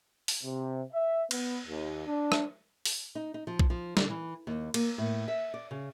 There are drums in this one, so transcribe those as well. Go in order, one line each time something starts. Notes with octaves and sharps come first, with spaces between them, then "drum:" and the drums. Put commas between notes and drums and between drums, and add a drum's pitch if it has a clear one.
drum: open hi-hat
C3
E5
B3, drum: cymbal
D#2
D4
drum: rim click
drum: open hi-hat
D#4
D#4
F3
drum: kick B1
F3
D3, drum: snare
E3
D#2
A#3, drum: cymbal
A2
E5
D5
C#3